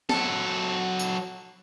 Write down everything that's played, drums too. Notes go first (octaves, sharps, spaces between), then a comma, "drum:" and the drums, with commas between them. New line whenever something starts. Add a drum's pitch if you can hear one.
F#3 A4, drum: snare
drum: tambourine